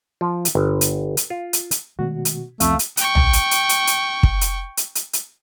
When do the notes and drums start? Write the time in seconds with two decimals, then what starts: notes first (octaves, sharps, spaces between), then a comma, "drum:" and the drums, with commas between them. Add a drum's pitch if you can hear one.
0.21 F3
0.45 drum: hi-hat
0.55 G1
0.81 drum: hi-hat
1.17 drum: hi-hat
1.30 F4
1.53 drum: hi-hat
1.71 drum: hi-hat
1.99 B2 D#3 G#3 A3 F#4
2.25 drum: hi-hat
2.60 C2 F2 F3 A3 B3 F5, drum: hi-hat
2.79 drum: hi-hat
2.97 G5 C#6, drum: hi-hat
3.15 drum: tom
3.33 drum: hi-hat
3.51 drum: hi-hat
3.69 drum: hi-hat
3.87 drum: hi-hat
4.23 drum: kick
4.41 drum: hi-hat
4.77 drum: hi-hat
4.95 drum: hi-hat
5.13 drum: hi-hat